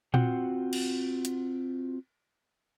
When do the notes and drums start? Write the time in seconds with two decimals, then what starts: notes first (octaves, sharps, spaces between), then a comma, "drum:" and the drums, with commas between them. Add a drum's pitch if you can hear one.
0.14 C4 F4 F#4 F#5 G5, drum: tom A#2
0.73 drum: cymbal
1.25 drum: hi-hat